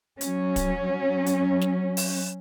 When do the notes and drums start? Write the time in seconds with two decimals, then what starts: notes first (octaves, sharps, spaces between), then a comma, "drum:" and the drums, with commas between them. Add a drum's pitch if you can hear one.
0.21 F#3 C#4, drum: hi-hat
0.56 drum: kick, hi-hat
1.26 drum: hi-hat
1.62 drum: snare
1.97 drum: open hi-hat